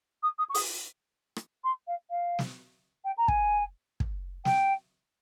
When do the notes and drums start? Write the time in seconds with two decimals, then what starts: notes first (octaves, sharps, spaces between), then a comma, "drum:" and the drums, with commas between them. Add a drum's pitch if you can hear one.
0.23 D#6
0.39 D#6
0.50 C#6
0.54 D#6, drum: open hi-hat
1.36 drum: rim click
1.64 C6
1.88 F5
2.10 F5
2.39 drum: snare
3.05 G5
3.18 A#5
3.28 G#5, drum: kick
4.00 drum: kick
4.45 G5, drum: snare